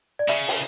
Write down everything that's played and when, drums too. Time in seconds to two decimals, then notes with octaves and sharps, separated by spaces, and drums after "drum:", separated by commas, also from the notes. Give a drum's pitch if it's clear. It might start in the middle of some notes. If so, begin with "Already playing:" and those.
0.19 D5
0.29 C#3 E5, drum: hi-hat
0.48 drum: open hi-hat